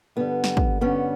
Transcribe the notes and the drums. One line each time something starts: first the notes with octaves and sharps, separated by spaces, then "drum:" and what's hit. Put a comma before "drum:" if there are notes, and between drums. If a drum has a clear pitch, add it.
G2 D3 G3 B3
drum: snare
drum: kick
G2 D3 G3 B3 C#4